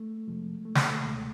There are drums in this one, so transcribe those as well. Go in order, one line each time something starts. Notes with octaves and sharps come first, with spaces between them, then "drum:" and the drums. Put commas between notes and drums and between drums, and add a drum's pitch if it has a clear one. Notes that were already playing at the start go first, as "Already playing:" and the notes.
Already playing: A3
F2 C3 F3 G#3
A3
A#3, drum: snare
A3
C#2 B2 G#3